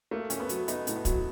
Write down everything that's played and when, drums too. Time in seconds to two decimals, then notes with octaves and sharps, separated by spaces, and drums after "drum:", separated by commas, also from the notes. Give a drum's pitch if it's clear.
0.11 A3 A#3
0.30 C#4, drum: hi-hat
0.40 B3
0.49 F#3, drum: hi-hat
0.68 B3 D#4, drum: hi-hat
0.87 A2, drum: hi-hat
0.96 B3
1.05 F#3, drum: kick, hi-hat